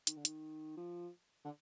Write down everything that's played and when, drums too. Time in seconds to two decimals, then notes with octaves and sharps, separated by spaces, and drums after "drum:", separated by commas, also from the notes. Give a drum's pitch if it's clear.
0.07 D#3, drum: hi-hat
0.16 D3
0.25 D#3, drum: hi-hat
0.77 F3
1.45 D3